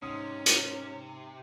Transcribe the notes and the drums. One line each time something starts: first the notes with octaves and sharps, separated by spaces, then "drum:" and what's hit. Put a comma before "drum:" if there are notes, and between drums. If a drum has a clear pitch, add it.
G#2 C3 C#4 D#6
drum: hi-hat